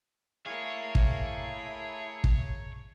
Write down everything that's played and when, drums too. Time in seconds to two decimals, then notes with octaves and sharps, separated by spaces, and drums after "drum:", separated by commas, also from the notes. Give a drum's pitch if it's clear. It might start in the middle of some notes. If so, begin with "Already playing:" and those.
0.46 A3 E4 G#4 A#4 C#5 F5
0.95 drum: kick
2.24 drum: kick